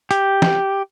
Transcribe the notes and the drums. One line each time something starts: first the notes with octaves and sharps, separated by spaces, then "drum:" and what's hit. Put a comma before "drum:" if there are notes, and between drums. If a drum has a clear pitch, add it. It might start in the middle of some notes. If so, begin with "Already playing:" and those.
G4, drum: hi-hat
drum: snare